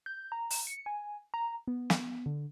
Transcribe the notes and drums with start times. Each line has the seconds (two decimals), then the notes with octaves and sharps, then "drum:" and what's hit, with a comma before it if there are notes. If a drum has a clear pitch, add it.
0.06 G6
0.32 A#5
0.50 drum: open hi-hat
0.67 C#7
0.86 G#5
1.34 A#5
1.67 B3
1.90 drum: snare
2.26 D3